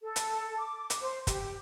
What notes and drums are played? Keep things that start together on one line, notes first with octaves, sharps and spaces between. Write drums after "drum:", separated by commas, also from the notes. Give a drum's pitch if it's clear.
A4
drum: hi-hat
D6
drum: hi-hat
C5
G4, drum: kick, hi-hat